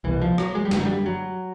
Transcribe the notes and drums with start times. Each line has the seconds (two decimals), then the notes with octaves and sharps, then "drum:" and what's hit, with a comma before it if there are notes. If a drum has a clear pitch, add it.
0.04 C2 B2 E3
0.22 F3
0.38 F#3, drum: rim click
0.55 G#3
0.65 G3
0.71 F#2 D3 F#3, drum: snare
0.86 G3
1.06 F#3